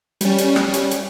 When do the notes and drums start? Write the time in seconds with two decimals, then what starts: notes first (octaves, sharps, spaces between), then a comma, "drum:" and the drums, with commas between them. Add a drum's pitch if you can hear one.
0.21 G3 C#4, drum: hi-hat
0.38 drum: hi-hat
0.56 drum: rim click
0.74 drum: hi-hat
0.91 drum: hi-hat